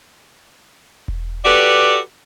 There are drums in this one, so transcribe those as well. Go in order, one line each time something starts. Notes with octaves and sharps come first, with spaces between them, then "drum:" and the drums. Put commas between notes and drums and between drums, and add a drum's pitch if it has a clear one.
drum: kick E1
F#4 G4 A4 B4 D5